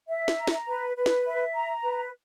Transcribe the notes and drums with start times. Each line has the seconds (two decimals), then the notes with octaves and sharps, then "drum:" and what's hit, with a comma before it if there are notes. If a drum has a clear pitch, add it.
0.08 E5
0.28 drum: snare
0.38 A#5
0.47 drum: snare
0.68 B4
0.96 B4
1.06 drum: snare
1.25 E5
1.54 A#5
1.83 B4